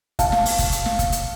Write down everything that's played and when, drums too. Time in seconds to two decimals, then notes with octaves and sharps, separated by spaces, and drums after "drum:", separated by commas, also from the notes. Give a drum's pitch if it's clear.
0.19 F5 A5, drum: kick F#1, hi-hat
0.32 drum: snare
0.45 drum: open hi-hat
0.59 drum: kick F#1, hi-hat
0.72 drum: hi-hat
0.86 drum: snare
0.99 drum: kick F#1, hi-hat
1.12 drum: hi-hat